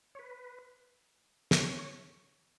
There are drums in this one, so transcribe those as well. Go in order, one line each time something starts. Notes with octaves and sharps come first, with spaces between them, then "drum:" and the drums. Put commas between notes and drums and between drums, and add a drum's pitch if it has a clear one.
C#5
B4
C#5, drum: snare